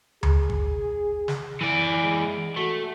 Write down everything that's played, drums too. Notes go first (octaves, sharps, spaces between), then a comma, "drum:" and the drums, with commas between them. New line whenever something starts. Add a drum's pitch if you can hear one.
G#4, drum: tom D2
drum: kick
drum: snare
E3 D5
G#3
A3 F#4